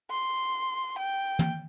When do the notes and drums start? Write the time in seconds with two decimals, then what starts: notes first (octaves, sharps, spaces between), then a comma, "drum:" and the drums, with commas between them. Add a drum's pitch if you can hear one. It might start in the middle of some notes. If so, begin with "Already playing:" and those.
0.10 C6
0.98 G5
1.39 drum: tom